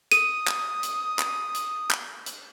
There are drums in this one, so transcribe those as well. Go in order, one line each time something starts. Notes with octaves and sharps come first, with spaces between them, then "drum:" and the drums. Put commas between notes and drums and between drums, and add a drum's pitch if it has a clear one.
D#6 D#7, drum: hi-hat
drum: clap
drum: hi-hat
drum: clap
drum: hi-hat
drum: clap
drum: hi-hat